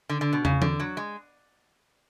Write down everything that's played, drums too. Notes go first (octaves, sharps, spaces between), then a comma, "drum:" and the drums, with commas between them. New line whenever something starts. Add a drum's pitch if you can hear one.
D3
D3
B2
C#3, drum: tom
D3, drum: tom E3
F#3
G#3